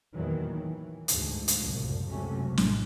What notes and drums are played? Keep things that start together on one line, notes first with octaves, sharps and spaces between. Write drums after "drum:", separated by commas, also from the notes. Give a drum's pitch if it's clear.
E2 A#2 D#3 E3 F#3
E3
D2 G#2, drum: hi-hat
drum: hi-hat
F#1 C2 F#2 A2 F3
C#2 F#2 C3 F#3 A3 C#4
A#1 A2
drum: snare